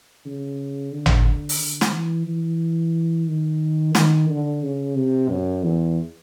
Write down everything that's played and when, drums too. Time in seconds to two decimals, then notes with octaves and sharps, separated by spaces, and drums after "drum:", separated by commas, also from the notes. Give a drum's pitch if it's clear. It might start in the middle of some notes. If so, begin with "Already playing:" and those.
0.25 C#3
0.92 D3
1.06 drum: tom
1.25 D3
1.49 drum: open hi-hat
1.59 D3
1.81 drum: snare
1.93 E3
2.27 E3
3.28 D#3
3.95 D#3, drum: snare
4.29 D3
4.63 C#3
4.96 C3
5.30 F#2
5.63 E2